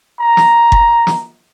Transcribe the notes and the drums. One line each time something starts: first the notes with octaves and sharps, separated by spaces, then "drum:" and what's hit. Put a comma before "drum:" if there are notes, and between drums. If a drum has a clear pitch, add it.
A#5
drum: snare
drum: kick F#1
drum: snare